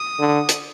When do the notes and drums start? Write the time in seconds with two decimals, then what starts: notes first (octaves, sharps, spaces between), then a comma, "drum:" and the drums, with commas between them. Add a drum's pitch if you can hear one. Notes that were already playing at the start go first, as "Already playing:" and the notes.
Already playing: D#6
0.19 D3
0.49 drum: hi-hat